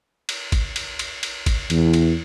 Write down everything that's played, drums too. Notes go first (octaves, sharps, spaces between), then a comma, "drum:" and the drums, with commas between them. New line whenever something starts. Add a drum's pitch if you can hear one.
drum: cymbal
drum: kick G#1, cymbal
drum: cymbal
drum: cymbal
drum: cymbal
drum: kick G#1, cymbal
E2, drum: cymbal
drum: cymbal